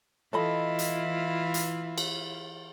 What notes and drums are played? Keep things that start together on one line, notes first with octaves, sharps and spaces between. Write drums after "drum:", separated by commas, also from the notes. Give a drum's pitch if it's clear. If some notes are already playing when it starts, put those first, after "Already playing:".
E3 E4 F4 A4 D#5 B5
drum: hi-hat
drum: hi-hat
drum: cymbal